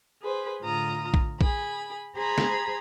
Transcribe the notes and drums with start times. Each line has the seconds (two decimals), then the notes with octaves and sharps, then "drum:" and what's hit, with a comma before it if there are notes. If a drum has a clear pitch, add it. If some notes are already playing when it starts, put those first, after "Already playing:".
0.22 G#4 B4 C5
0.62 A2 D3 F4 A#5 D#6
1.14 drum: kick A#1
1.41 G#4 B5, drum: kick A#1
2.16 G#4 C5 A#5 B5 G#6
2.38 drum: snare